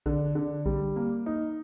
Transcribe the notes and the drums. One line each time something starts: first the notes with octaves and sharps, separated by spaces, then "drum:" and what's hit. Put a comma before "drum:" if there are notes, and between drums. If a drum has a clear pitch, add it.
D3, drum: kick A1
D3
G3, drum: kick A1
A#3
D#4